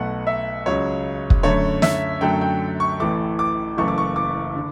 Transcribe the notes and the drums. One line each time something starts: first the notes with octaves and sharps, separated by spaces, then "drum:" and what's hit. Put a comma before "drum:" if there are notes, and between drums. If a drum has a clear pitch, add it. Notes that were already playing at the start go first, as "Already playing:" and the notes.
Already playing: B1 B2 A3 F#5
E5
C#2 C#3 F#3 C#5
drum: kick
F#2 D3 A3 C#5
E5, drum: snare
F#2 D3 F#3 A3 G5
G5
C#6
A1 A2 E3 A3 D6
D6
F#1 F#2 E3 A3 C#6
D6
C#6
D6
D3